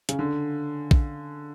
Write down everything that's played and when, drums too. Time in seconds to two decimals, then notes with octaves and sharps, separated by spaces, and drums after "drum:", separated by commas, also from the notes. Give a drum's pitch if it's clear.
0.09 C#3, drum: hi-hat
0.19 D3
0.91 drum: kick A#1